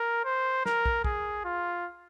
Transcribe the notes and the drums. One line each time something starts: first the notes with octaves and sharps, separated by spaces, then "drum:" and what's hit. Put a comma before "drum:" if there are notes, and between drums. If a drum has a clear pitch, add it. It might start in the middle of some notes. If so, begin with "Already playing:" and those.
Already playing: A#4
C5
A#4, drum: snare
drum: kick
G#4, drum: kick
F4